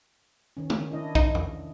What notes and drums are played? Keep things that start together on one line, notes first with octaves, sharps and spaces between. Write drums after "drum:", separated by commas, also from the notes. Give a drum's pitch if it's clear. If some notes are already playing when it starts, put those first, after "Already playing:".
D#3 C#4
drum: tom
D4 E4 D#5
D#4, drum: kick B1
drum: tom E2